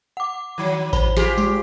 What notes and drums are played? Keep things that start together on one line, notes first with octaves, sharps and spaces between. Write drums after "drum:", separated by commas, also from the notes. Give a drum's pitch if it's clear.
F#5 D6
D#3 F#3
C5 B5 G7, drum: kick A1, tambourine
F4 G4 G#4, drum: snare
G#3, drum: tambourine